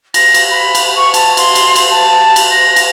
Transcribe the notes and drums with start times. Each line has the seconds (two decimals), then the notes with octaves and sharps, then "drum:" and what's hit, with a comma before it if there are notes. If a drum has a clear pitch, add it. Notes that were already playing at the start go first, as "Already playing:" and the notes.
0.14 A#6, drum: cymbal
0.34 drum: cymbal
0.51 B5
0.75 drum: cymbal
0.96 C#6
1.14 A5, drum: cymbal
1.37 C6, drum: cymbal
1.55 drum: cymbal
1.76 drum: cymbal
1.91 A5
2.36 drum: cymbal
2.51 A#6
2.76 drum: cymbal